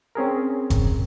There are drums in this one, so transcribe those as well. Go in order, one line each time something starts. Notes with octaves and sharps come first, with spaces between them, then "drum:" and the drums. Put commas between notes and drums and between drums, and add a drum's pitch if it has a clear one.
C4 C#4 G#4 A#4
drum: kick F1, hi-hat